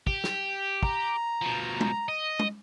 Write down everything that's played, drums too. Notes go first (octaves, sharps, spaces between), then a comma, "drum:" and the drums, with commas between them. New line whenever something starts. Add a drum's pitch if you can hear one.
G4, drum: kick
drum: snare
A#5, drum: kick
B2 F3
drum: tom
D#5
drum: tom